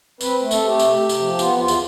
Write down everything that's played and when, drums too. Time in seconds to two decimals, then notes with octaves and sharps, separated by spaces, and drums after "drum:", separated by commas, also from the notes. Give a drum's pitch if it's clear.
0.21 C4 B4, drum: tambourine
0.41 A3
0.51 A4, drum: tambourine
0.61 A3 G4
0.79 C3, drum: tambourine
1.00 C3
1.09 drum: tambourine
1.19 F3
1.39 B3 F4, drum: tambourine
1.58 E2 F4
1.68 drum: tambourine